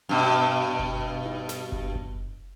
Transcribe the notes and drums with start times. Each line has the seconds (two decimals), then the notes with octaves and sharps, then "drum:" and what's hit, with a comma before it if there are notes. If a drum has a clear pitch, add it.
0.09 G2 B2
0.79 drum: kick F#1
1.26 drum: tom D#4
1.49 drum: snare
1.72 drum: kick F#1
1.95 drum: kick F#1